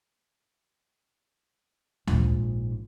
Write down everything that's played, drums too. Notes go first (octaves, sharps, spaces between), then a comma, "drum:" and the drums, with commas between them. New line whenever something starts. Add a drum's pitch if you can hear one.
A#1 G#2, drum: tom D2